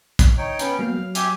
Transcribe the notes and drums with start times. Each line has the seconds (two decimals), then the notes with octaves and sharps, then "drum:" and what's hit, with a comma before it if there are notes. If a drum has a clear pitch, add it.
0.19 drum: kick, hi-hat
0.38 D#4 C#5 G5
0.59 B3 C#4 G5, drum: hi-hat
0.79 F#3 A#3 B3 F5
0.96 F#3
1.15 G4 E5 G#5, drum: hi-hat